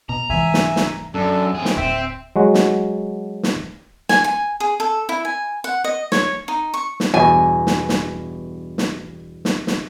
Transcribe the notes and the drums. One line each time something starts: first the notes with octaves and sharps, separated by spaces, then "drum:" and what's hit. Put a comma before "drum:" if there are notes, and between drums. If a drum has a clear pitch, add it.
B2 A#5
C2 G#2 E3 E5 G#5
drum: snare
drum: snare
F#2 D4 A4
F#2 C4 G#4
drum: snare
D1 C4 E5 G5
F#3 G#3 F#4
drum: snare
drum: snare
G#5, drum: snare
G#5
G#4
A4
E4
G#5
F#5
D#5
C#5, drum: snare
D#4
C#6
drum: snare
E2 G2 B2 G#5
drum: snare
drum: snare
drum: snare
drum: snare
drum: snare